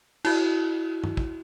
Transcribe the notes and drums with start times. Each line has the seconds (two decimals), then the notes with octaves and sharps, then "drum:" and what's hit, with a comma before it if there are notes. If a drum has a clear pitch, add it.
0.25 E4 F#4, drum: cymbal
1.04 drum: tom
1.17 drum: kick